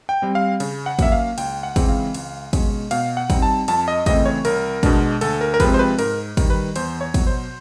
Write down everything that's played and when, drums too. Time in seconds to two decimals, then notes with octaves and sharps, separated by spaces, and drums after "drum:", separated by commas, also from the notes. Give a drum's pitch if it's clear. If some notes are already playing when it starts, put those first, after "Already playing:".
0.09 G5
0.22 G3 C4
0.35 F5
0.60 C#3, drum: cymbal
0.86 F#5
0.99 F#3 A#3 C#4 E5, drum: kick, cymbal
1.12 F5
1.38 C#2 G5, drum: cymbal
1.63 F#5
1.76 C#3 E3 G#3 C4, drum: kick, cymbal
1.89 F5
2.14 C#2, drum: cymbal
2.53 B2 G#3 C#4, drum: kick, cymbal
2.91 B2 F5, drum: cymbal
3.17 F#5
3.30 G3 C4 D#4, drum: kick, cymbal
3.42 A5
3.68 F2 A5, drum: cymbal
3.88 D#5
4.06 C#3 E3 A3 C4 D#5, drum: kick, cymbal
4.26 C#5
4.45 C2 A#4, drum: cymbal
4.83 B2 G#3 B3 D4, drum: kick, cymbal
5.21 D2 A4, drum: cymbal
5.41 A#4
5.54 A#4
5.60 C3 F3 G#3 C4 B4, drum: kick, cymbal
5.74 C5
5.79 B4
5.99 G#2 A#4, drum: cymbal
6.37 D#3 G3, drum: kick, cymbal
6.50 B4
6.76 E2 C5, drum: cymbal
7.01 C#5
7.14 B2 F#3, drum: kick, cymbal
7.27 C5